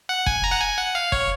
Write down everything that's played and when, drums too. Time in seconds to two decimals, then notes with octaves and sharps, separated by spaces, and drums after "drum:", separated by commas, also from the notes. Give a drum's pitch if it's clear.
0.09 F#5
0.26 G#5, drum: kick
0.44 A#5
0.51 F#5
0.61 G#5
0.78 F#5
0.95 F5
1.12 C#5, drum: kick